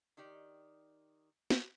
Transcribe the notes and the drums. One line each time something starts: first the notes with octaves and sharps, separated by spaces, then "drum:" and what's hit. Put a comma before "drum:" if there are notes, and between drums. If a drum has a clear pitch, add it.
D#3 D#4 G4 D5
drum: snare